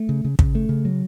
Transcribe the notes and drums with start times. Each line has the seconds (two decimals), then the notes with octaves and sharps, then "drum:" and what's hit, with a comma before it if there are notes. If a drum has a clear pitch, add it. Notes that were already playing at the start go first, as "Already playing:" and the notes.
Already playing: A3
0.09 C#3
0.25 C#3
0.39 C#3, drum: kick
0.55 A3
0.69 C#3
0.85 F#3